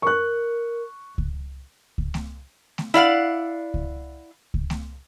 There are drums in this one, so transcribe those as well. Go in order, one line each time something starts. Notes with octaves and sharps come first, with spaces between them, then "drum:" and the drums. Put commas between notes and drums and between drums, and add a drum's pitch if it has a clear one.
A#4 C#6 F#6
drum: kick C#2
drum: kick C#2
drum: snare A3
drum: snare A3
E4 D5 F5 F#5
drum: kick C#2
drum: kick C#2
drum: snare A3